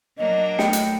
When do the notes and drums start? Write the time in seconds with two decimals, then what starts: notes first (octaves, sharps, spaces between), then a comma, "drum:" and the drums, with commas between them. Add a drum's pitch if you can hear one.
0.18 F#3 A#3 D4 D#5
0.59 A3 G5 C#7, drum: snare
0.73 drum: hi-hat